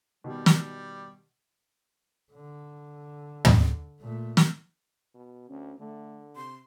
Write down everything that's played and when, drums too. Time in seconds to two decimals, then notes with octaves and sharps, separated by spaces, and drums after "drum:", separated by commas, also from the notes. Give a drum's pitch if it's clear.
0.24 B2 D#3 G3 G4
0.46 drum: snare
2.33 D3
3.45 drum: tom
4.01 A#2 A3
4.37 drum: snare
5.14 B2
5.49 D2 C#4
5.79 D3 A3
6.36 C3 C6